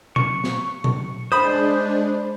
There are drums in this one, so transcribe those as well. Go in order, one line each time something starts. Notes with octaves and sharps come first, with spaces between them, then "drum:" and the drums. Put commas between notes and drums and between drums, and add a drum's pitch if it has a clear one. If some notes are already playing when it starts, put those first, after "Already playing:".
C#6, drum: tom A#2
drum: snare
drum: tom A#2
G#3 D4 C5 B5 D#6